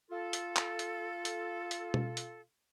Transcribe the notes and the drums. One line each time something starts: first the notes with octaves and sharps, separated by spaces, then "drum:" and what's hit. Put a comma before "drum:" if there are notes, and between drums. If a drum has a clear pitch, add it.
F4 A4
drum: hi-hat
drum: clap
drum: hi-hat
drum: hi-hat
drum: hi-hat
drum: tom B2
drum: hi-hat